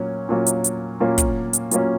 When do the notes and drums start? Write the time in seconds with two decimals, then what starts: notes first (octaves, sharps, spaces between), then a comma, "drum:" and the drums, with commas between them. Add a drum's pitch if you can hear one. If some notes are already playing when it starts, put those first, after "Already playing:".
Already playing: A#2 F#3 A#3 C#4
0.29 A#2 F#3 A#3 C#4
0.46 drum: hi-hat
0.64 drum: hi-hat
1.00 A#2 F#3 A#3 C#4
1.18 drum: kick, hi-hat
1.53 drum: hi-hat
1.71 A#2 F#3 A#3 C#4, drum: hi-hat